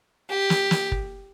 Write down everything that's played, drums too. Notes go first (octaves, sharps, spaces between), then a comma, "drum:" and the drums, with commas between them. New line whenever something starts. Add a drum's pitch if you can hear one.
G4
drum: snare
drum: snare
drum: kick